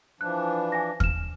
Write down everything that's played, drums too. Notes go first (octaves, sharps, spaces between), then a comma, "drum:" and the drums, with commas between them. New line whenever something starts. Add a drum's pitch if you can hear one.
E3 F3 D4 F#6
G#5 A#6
F6 E7, drum: kick